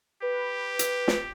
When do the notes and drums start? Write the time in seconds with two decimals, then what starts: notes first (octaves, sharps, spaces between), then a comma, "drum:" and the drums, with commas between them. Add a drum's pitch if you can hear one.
0.22 G4 B4
0.79 drum: hi-hat
1.08 drum: snare